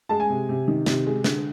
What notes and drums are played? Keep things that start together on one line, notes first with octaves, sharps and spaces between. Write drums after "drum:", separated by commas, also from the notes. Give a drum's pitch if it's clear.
G#3 A5
G#5
C3
C3
D#3
C3, drum: snare
G#3
D3, drum: snare